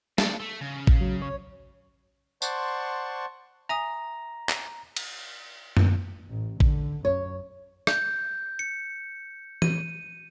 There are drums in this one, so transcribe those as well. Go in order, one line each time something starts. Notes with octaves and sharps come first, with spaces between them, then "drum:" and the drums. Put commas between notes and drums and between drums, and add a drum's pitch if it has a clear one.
D5, drum: snare
A3
C#3
drum: kick A1
F#3
C#5
C5 D5 F#5 A5 C6 C#6, drum: tambourine
E5 G#5 A#5 D#6
drum: clap
drum: cymbal
drum: tom F#2
A1
D3, drum: kick A1
F#2 C#5
G6, drum: rim click
C#7
D#7, drum: tom E3